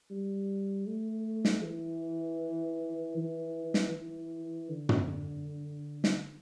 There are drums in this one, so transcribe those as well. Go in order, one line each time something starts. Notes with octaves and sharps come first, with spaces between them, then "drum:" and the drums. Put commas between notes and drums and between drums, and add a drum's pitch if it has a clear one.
G3
A3
drum: snare
E3
E3
drum: snare
E3
D3
drum: tom
drum: snare